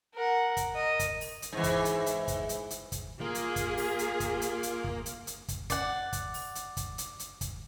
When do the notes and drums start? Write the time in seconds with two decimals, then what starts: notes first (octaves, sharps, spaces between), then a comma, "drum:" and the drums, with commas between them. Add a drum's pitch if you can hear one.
0.14 A#4 F#5
0.57 drum: kick, hi-hat
0.74 A#4 D#5
0.99 drum: kick, hi-hat
1.21 drum: open hi-hat
1.42 drum: hi-hat
1.53 G#2 E3
1.64 drum: kick, hi-hat
1.85 drum: hi-hat
2.06 drum: hi-hat
2.28 drum: kick, hi-hat
2.49 drum: hi-hat
2.70 drum: hi-hat
2.92 drum: kick, hi-hat
3.21 A#3 F4 G#4
3.35 drum: hi-hat
3.56 drum: kick, hi-hat
3.77 drum: open hi-hat
3.99 drum: hi-hat
4.20 drum: kick, hi-hat
4.42 drum: hi-hat
4.63 drum: hi-hat
4.84 drum: kick
5.06 drum: hi-hat
5.27 drum: hi-hat
5.48 drum: kick, hi-hat
5.70 D5 F#5, drum: kick, hi-hat
6.13 drum: kick, hi-hat
6.34 drum: open hi-hat
6.55 drum: hi-hat
6.77 drum: kick, hi-hat
6.98 drum: hi-hat
7.19 drum: hi-hat
7.41 drum: kick, hi-hat